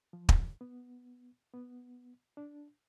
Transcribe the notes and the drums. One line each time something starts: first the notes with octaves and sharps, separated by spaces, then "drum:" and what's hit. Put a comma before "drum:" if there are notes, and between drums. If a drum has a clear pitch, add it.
F3
drum: kick
B3
B3
D4